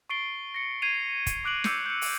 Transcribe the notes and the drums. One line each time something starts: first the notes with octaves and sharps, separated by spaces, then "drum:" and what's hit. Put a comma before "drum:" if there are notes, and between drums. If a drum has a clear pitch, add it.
C#6 A6 C7 D7 G7
A#6 C#7
G#6 C7 D#7 F7
drum: kick, hi-hat
D6 F#6 D7 F#7
D6 E6 G6 C#7, drum: snare
G6 C#7
drum: open hi-hat